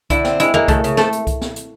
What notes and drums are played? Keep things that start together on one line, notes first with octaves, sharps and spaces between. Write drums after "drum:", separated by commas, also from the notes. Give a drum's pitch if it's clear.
D3 E4, drum: kick C2, hi-hat
C4, drum: snare
G#3 E4, drum: hi-hat
G#3 A#3, drum: tom
C#3 A3, drum: kick C2, hi-hat
C#3, drum: hi-hat
F3 A3, drum: snare
drum: hi-hat
drum: kick C2, hi-hat
drum: snare
drum: hi-hat